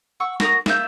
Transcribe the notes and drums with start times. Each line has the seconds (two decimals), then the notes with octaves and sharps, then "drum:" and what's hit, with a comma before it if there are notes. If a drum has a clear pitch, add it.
0.20 F#5 C#6 E6
0.40 F#4 A#4 D#6, drum: snare
0.66 A#3 F4 E5 G6, drum: snare